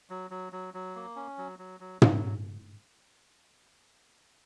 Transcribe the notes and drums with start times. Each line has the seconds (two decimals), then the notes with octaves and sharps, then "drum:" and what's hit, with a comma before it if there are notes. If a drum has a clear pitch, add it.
0.10 F#3
0.31 F#3
0.52 F#3
0.74 F#3
0.95 A#3
1.16 C#4
1.38 F#3
1.59 F#3
1.80 F#3
2.02 F#3, drum: tom